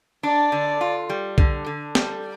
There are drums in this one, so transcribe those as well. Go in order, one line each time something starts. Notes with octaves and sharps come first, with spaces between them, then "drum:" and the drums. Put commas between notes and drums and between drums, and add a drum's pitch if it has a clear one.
D4 D5
D3
F4
G3
D3, drum: kick
D3
G3, drum: snare